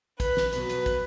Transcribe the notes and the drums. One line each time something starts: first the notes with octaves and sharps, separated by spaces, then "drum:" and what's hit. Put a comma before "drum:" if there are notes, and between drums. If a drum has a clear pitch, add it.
B4, drum: kick, hi-hat
drum: snare
B2 F#3 B4, drum: hi-hat
drum: hi-hat
drum: kick, hi-hat